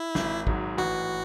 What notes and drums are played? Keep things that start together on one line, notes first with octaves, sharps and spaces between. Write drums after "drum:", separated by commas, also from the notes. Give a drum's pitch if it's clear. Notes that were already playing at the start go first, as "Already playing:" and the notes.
Already playing: E4
G#1, drum: snare
G#2 F#3, drum: kick
A1 F#4